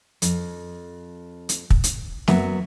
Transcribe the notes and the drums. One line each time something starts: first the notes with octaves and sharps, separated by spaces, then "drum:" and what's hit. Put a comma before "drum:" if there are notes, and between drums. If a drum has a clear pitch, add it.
F2, drum: hi-hat
drum: hi-hat
drum: kick
drum: hi-hat
F#2 F#3 B3 E5, drum: snare